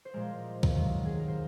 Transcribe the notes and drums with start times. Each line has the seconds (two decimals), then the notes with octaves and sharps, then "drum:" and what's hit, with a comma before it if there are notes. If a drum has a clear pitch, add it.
0.05 C5
0.14 A#2 F3 G#3 A#4
0.63 drum: kick C2
0.74 C3 D#3 F#3 A#3
1.05 G#4
1.20 A#4
1.28 C5